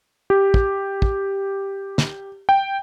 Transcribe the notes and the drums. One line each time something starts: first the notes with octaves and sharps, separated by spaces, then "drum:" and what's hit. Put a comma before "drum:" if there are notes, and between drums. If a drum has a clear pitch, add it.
G4
drum: kick
drum: kick
drum: snare
G5